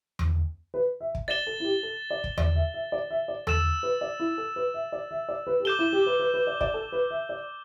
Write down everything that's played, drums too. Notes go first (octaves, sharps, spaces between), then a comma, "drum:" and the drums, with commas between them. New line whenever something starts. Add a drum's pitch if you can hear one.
drum: tom E2
B4
E5
drum: kick
D5 A6 E7 G7
A4
E4
G4
A4
D5
drum: kick
D5, drum: tom E2
E5
E5
D5
E5
D5
A4 E6 A6 E7, drum: tom E2
B4
D5
E4
A4
B4
E5
D5
E5
D5
B4
G4
A4 D6 G6 E7 G7
E4
G4
B4
B4
B4
D5
D5, drum: kick
A4
B4
E5
D5